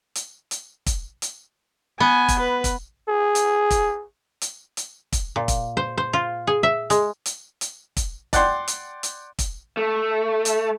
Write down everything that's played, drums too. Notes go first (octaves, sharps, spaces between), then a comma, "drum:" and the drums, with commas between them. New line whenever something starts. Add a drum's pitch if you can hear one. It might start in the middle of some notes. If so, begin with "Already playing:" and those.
drum: hi-hat
drum: hi-hat
drum: kick, hi-hat
drum: hi-hat
B3 G#5
drum: kick, hi-hat
B4
drum: kick, hi-hat
G#4
drum: hi-hat
drum: kick, hi-hat
drum: hi-hat
drum: hi-hat
drum: kick, hi-hat
A#2
drum: kick, hi-hat
C5
C5
F4
G#4
E5
G#3, drum: hi-hat
drum: hi-hat
drum: hi-hat
drum: kick, hi-hat
D5 F#5 G5 C6, drum: kick, hi-hat
drum: hi-hat
drum: hi-hat
drum: kick, hi-hat
A3
drum: hi-hat